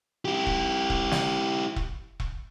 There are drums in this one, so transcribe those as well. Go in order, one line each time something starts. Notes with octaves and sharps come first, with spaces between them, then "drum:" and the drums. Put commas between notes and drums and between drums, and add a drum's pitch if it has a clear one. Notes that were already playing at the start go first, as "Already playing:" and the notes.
E4 G4
drum: kick E1
drum: kick E1
drum: snare
drum: kick E1
drum: kick E1